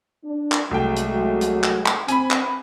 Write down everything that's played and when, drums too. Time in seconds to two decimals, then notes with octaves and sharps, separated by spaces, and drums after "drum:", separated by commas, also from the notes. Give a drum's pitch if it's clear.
0.24 D4
0.52 drum: clap
0.71 C2 F#3 G#3 A3 G5
0.96 drum: hi-hat
1.12 F#3
1.41 drum: hi-hat
1.64 drum: clap
1.86 drum: clap
2.08 C4 G#5 B5, drum: hi-hat
2.31 drum: clap